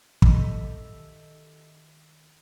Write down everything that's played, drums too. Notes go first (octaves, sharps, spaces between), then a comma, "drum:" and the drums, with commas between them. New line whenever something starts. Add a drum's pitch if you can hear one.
F2 G4 A4 D#5 E5, drum: kick
D#3